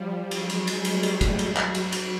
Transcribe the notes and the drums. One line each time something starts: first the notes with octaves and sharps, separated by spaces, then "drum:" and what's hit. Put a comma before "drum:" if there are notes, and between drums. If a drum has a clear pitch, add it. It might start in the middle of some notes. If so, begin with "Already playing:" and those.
Already playing: F3 G3
F#3 G#3, drum: cymbal
drum: cymbal
drum: cymbal
G3 A3, drum: cymbal
drum: cymbal
drum: kick, cymbal
F#3, drum: cymbal
drum: clap
drum: cymbal
drum: cymbal